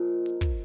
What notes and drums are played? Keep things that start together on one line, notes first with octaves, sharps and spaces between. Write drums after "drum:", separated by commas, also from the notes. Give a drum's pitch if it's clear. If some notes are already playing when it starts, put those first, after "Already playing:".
Already playing: A#2 F3 D#4
drum: hi-hat
drum: kick, hi-hat